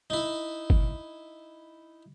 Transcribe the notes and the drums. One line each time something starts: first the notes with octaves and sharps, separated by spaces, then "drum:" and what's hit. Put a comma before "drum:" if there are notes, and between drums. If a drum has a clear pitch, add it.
D#4 E4
drum: kick G1